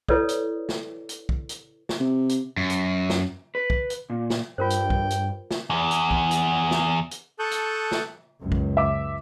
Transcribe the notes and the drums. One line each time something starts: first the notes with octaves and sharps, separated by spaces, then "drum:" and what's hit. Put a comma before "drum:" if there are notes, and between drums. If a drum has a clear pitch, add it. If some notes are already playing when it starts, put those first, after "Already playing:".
E4 A4 B4 C#5 D5 D#6, drum: kick
drum: hi-hat
drum: snare
drum: hi-hat
drum: kick
drum: hi-hat
drum: snare
C3
drum: hi-hat
F#2
drum: hi-hat
drum: snare
B4
drum: kick
drum: hi-hat
A#2
drum: snare
G2 F4 A#4 C5 G5
drum: hi-hat
drum: kick
drum: hi-hat
drum: snare
E2
drum: hi-hat
drum: kick
drum: hi-hat
drum: snare
drum: hi-hat
A4 A5 C#6 D#6 F#6 G6
drum: hi-hat
drum: snare
C#2 F#2
drum: kick
E5 D6